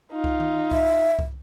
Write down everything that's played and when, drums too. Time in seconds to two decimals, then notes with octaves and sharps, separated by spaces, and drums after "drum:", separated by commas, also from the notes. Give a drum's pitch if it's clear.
0.12 D#4 F4
0.24 drum: kick C2
0.40 drum: tom D#3
0.71 E5, drum: kick C2
1.19 drum: kick C2